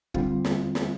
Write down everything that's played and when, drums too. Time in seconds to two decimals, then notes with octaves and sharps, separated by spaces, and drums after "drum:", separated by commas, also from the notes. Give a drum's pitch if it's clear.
0.14 D#2 D3 G3 C4 F4, drum: kick
0.45 drum: snare
0.75 drum: snare